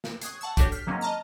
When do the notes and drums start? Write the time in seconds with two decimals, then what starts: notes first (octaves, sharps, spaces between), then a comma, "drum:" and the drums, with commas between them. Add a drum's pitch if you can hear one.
0.04 drum: snare
0.22 C#6 D#6 F#6 G#6 C7, drum: hi-hat
0.41 F#5 A5 C#6 E6
0.57 D4 F#4 G4 A4 C#5, drum: kick, hi-hat
0.72 F6 G6 B6 C7
0.87 D#3 F#3 G#3 A#3 C4 C#4
1.01 D#5 A5 A#5 F6